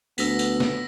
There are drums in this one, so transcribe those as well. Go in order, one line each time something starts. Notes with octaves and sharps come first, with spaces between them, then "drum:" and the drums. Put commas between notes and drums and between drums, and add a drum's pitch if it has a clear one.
D2 B3 E6 A#6 B6, drum: tambourine
drum: tambourine
drum: snare